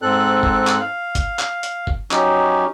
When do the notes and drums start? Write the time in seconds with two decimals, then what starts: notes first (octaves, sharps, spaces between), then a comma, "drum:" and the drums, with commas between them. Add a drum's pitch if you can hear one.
0.02 G#2 C4 A4 F#6
0.43 drum: kick F#1
0.67 drum: clap
0.80 F5
1.15 drum: kick F#1, hi-hat
1.39 drum: clap
1.63 drum: hi-hat
1.87 drum: kick F#1
2.11 F#3 C#4 D#4 G4, drum: clap